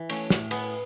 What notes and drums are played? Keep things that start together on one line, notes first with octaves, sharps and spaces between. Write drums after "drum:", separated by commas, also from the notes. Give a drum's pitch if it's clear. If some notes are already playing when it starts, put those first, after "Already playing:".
Already playing: E3
A3 C#4, drum: cymbal
A2, drum: snare
B3 G#4, drum: cymbal